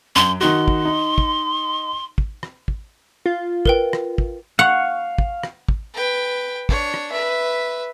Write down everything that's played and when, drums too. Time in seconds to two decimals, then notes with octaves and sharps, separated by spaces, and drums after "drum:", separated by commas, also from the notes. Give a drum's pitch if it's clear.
0.16 F#2 C6
0.41 D#3 D#4 F#4 C6
0.68 drum: kick
0.85 D#4
1.18 drum: kick
2.18 drum: kick
2.43 drum: rim click
2.68 drum: kick
3.26 F4
3.66 A#4 B4 G5, drum: kick
3.93 drum: rim click
4.18 drum: kick
4.59 F5 F#5 C#6
5.18 drum: kick
5.43 drum: rim click
5.69 drum: kick
5.94 B4 G5
6.69 D4 C#5, drum: kick
6.94 drum: rim click
7.11 B4 E5